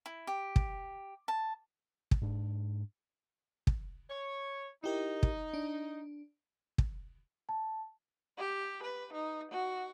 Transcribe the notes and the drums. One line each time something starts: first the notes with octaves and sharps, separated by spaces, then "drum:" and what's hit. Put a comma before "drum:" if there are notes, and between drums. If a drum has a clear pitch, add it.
E4
G4
drum: kick
A5
drum: kick
G#2 D4
drum: kick
C#5
D#4 E4 G4 A#4
drum: kick
D4
drum: kick
A5
G4
B4
D#4
F#4